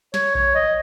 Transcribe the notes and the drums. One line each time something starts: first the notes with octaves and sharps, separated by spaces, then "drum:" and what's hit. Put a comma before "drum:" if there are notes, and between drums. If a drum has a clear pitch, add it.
C#5, drum: snare
C#5, drum: kick A#1
D#5